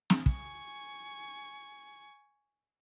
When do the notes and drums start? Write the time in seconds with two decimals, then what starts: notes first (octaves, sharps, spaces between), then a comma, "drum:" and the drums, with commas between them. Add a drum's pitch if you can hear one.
0.10 drum: snare
0.26 G#5 C#6, drum: kick